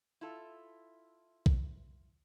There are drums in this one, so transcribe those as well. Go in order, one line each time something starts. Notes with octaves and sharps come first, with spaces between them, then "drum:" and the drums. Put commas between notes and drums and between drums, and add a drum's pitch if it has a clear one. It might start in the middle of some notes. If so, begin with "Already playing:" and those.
E4 F4 A4
drum: kick B1